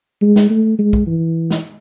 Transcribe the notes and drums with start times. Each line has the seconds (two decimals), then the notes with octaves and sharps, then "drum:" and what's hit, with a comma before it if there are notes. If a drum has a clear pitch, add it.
0.22 G#3
0.36 drum: snare
0.50 A3
0.79 G#3
0.93 drum: kick
1.07 E3
1.51 drum: snare